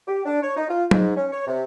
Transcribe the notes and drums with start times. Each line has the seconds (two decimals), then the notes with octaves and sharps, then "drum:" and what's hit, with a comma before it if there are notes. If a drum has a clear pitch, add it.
0.08 G4
0.25 D4
0.42 C#5
0.57 D#4
0.68 F4
0.91 G#2, drum: tom F#3
1.16 C#4
1.32 C#5
1.47 C3